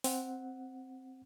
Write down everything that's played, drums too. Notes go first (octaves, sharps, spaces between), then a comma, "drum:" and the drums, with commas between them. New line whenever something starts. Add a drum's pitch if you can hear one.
C4 F#5, drum: open hi-hat